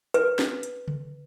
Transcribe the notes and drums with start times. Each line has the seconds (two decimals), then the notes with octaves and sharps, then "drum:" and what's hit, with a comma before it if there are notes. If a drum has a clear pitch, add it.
0.14 B4, drum: hi-hat
0.39 drum: snare
0.63 drum: hi-hat
0.88 drum: tom C#3